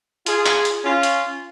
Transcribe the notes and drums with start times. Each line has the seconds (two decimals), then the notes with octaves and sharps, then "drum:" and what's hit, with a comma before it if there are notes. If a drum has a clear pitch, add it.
0.26 F4 G#4, drum: hi-hat
0.46 drum: clap
0.65 drum: hi-hat
0.84 C#4 F4
1.03 drum: hi-hat